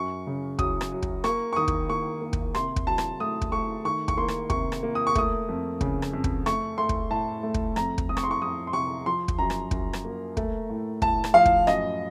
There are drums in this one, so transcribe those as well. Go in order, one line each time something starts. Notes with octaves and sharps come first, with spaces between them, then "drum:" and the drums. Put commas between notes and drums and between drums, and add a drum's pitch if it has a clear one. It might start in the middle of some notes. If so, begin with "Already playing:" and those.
Already playing: F#2 C#6
C#3
F#3 D#6, drum: kick
drum: rim click
F#3
drum: kick
A#3 C#6, drum: rim click
C#6
D#3 D#6
drum: kick
A#3 C#6
A#3
drum: kick
C3 C6, drum: rim click
drum: kick
F#3 A5
drum: rim click
A3 D#6
drum: kick
A3 C#6
D#3 C#6
C#6, drum: kick
A#3 C6
drum: rim click
C3 C#6, drum: kick
drum: rim click
A#3
D#6
C#6
A3 D#6, drum: kick
F2
C#3, drum: kick
drum: rim click
F2
drum: kick
A3 C#6, drum: rim click
A3 C6
drum: kick
A2 A5
A3
drum: kick
F2 A#5, drum: rim click
drum: kick
F2 D#6
C#6, drum: rim click
C6
C#6
F2 D#6
C6
C3 C#6
F3 C6
drum: kick
F#2 A#5
drum: rim click
F#2, drum: kick
drum: rim click
A#3
A3, drum: kick
A2
A2 A5, drum: kick
drum: rim click
F3 F5
drum: kick
F#2 D#5, drum: rim click